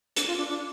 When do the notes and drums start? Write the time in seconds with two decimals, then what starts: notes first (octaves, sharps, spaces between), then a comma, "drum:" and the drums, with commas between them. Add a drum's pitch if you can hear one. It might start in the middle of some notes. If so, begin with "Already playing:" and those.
0.16 D4, drum: hi-hat
0.27 F4
0.38 D4
0.49 D4